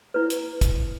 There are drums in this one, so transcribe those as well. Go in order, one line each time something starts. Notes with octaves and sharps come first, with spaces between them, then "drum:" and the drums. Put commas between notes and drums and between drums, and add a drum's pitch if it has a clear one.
E4 B4
drum: hi-hat
drum: kick, hi-hat